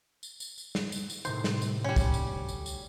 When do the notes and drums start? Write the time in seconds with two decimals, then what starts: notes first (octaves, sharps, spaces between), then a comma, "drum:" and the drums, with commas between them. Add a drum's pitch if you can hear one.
0.23 drum: tambourine
0.40 drum: tambourine
0.58 drum: tambourine
0.75 drum: snare
0.92 drum: tambourine
1.10 drum: tambourine
1.25 A2 C3 D#3 C5, drum: tambourine
1.44 drum: snare
1.62 drum: tambourine
1.84 G3 C#4
1.96 drum: kick, tambourine
2.14 drum: tambourine
2.31 D2
2.48 drum: tambourine
2.66 drum: tambourine